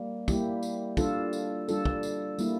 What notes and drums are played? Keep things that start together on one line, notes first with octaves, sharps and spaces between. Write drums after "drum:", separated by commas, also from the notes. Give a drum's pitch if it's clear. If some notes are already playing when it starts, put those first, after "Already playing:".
Already playing: G3 A#3
G3 A#3 E4 G4, drum: kick, tambourine
drum: tambourine
G3 D4 F4 A4, drum: kick, tambourine
drum: tambourine
G3 D4 F4 A4, drum: tambourine
drum: kick
drum: tambourine
G3 A#3 E4, drum: tambourine